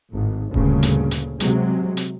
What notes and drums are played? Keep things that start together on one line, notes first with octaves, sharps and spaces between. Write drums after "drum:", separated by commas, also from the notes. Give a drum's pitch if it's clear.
G#1 A2
D2 G2 A#2 C#3, drum: kick D#1
drum: hi-hat
drum: hi-hat
C3 F#3 G#3, drum: hi-hat
drum: hi-hat